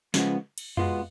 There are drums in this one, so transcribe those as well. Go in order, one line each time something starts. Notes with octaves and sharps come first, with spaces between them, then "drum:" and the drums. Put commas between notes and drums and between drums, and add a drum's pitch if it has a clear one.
C#2 C#3 F3 G#3 B3, drum: snare
drum: cymbal
B2 G#3 B3 F4, drum: tom F2